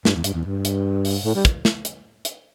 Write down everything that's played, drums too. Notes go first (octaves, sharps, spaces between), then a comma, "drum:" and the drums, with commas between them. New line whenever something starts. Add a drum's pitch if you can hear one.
G2, drum: snare
E2
G2, drum: hi-hat
E2
G2
drum: hi-hat
drum: open hi-hat
A2
G3
drum: kick, hi-hat
drum: snare
drum: hi-hat
drum: hi-hat